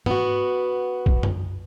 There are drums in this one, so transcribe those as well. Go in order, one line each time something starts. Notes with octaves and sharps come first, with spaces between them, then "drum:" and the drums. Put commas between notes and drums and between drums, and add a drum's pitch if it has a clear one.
B3 F#4, drum: tom G#2
drum: kick
drum: tom F#2